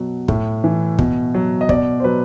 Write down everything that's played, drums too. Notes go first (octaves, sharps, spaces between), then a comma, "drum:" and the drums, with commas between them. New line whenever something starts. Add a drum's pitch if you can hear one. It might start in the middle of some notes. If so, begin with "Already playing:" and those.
Already playing: B2 F#3
A2, drum: kick
E3
B2, drum: kick
F#3
D#5
B2 D5, drum: kick
C5
F#3 B4